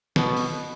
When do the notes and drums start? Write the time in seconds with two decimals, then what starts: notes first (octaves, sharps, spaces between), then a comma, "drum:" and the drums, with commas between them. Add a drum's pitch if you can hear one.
0.16 B2, drum: snare
0.37 drum: open hi-hat